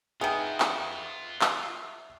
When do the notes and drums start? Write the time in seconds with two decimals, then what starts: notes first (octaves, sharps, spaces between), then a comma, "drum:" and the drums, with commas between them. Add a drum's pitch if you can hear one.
0.21 D#3 B3 F4 G#4 E5 G5 D#6
0.60 drum: clap
1.41 drum: clap